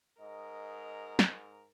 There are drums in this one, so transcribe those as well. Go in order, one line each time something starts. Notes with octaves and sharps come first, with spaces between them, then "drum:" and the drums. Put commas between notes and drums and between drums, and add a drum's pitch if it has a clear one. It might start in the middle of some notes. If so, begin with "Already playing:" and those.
G#2 A#4 D#5
drum: snare